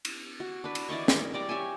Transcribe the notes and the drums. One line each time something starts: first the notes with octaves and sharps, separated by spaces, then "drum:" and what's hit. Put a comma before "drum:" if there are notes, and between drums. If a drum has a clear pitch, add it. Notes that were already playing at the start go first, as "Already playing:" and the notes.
drum: cymbal
F#4
D4 B4
drum: cymbal
E3 D5 D#5 C#6
A#4, drum: snare
G3 D5 A#5 D6
G4 C#5 E5 G#5